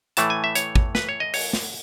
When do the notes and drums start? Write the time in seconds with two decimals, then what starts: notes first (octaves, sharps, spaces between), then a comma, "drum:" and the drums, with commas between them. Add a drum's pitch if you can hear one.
0.17 A2 E3 A3 A5, drum: hi-hat
0.30 G#5
0.44 E5
0.55 C#5, drum: hi-hat
0.76 drum: kick
0.95 B4, drum: snare
1.09 C#5
1.20 D#5
1.34 C#5, drum: open hi-hat
1.53 drum: snare